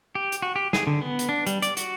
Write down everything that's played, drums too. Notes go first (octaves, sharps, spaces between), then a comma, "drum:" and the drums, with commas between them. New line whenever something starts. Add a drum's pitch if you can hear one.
G4
drum: hi-hat
F#4
G4
G#4, drum: snare
D3
B3
drum: hi-hat
D4
G3, drum: hi-hat
D5, drum: hi-hat
F#4, drum: hi-hat